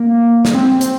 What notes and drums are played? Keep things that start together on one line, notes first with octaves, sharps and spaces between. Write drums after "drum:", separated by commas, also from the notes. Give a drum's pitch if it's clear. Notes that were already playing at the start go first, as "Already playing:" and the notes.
Already playing: A#3
drum: snare
C4
C4, drum: hi-hat